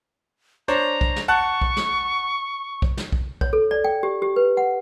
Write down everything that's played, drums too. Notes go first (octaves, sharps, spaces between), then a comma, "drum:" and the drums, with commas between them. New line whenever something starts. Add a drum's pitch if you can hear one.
D4 C5 C#5 A#5
drum: kick B1
drum: snare
F#5 A5 C#6 F#6
drum: kick B1
drum: snare
drum: kick B1
drum: snare
drum: kick B1
C#5, drum: kick B1
A4
D5
G5
G4
G4
B4
F#5